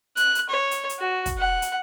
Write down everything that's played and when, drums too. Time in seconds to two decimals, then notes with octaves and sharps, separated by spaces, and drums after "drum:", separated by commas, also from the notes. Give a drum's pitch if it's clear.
0.17 F#6, drum: hi-hat
0.35 drum: hi-hat
0.50 C#5
0.71 drum: hi-hat
0.89 drum: hi-hat
0.99 F#4
1.26 drum: kick, hi-hat
1.39 F#5
1.62 drum: hi-hat